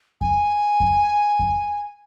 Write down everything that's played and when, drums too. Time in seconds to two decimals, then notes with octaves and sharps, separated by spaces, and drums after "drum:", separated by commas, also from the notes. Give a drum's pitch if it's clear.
0.21 G#5, drum: kick F2
0.80 drum: kick F2
1.39 drum: kick F2